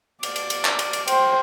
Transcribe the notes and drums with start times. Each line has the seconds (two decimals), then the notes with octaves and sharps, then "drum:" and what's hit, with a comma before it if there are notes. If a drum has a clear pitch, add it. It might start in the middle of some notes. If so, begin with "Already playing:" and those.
0.23 D5, drum: cymbal
0.36 drum: cymbal
0.50 drum: cymbal
0.64 drum: clap
0.79 drum: cymbal
0.93 drum: cymbal
1.08 C5 G5, drum: cymbal